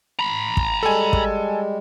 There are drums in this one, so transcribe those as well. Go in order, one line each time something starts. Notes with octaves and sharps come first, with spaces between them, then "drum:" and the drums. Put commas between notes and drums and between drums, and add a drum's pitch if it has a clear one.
A#5 B5
drum: kick
G3 G#3 A4 G#5
drum: kick